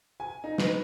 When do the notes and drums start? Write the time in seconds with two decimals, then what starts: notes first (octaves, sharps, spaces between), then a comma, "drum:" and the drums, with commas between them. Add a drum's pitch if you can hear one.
0.20 G#5
0.44 D#4
0.58 D#4 B4, drum: snare